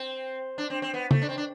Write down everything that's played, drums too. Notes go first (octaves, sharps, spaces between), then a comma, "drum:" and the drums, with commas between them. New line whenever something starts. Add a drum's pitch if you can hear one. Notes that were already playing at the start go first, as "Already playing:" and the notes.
Already playing: C4
D4
C4
C4
B3
A3, drum: tom C#3
D4
C4
D4